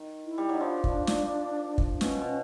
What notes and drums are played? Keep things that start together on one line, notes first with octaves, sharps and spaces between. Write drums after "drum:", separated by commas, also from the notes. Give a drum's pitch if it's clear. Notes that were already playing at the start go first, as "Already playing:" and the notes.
Already playing: D#3
E4
G3
F#3 D#4
F3 D4
drum: kick
drum: snare
drum: kick
D4
B2 C#4, drum: snare
B2
C#4